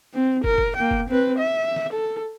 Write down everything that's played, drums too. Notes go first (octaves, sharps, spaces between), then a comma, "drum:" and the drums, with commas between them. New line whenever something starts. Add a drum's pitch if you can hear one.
C4
A#4, drum: kick
drum: kick
A#3 G5
drum: kick
C4 B4
E5
drum: snare
A4